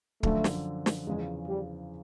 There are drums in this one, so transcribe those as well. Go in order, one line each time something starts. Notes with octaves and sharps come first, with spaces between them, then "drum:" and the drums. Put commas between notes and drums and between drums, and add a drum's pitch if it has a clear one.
F#2 D3 F3 A3, drum: kick
drum: snare
drum: snare
E2 C#3 F3 G#3
G3